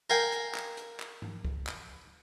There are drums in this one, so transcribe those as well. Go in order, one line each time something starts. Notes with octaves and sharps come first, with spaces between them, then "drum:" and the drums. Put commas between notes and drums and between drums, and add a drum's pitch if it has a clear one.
A#4 F5 G5 G#5
drum: hi-hat
drum: clap
drum: hi-hat
drum: clap
drum: tom G#2
drum: kick C#2
drum: clap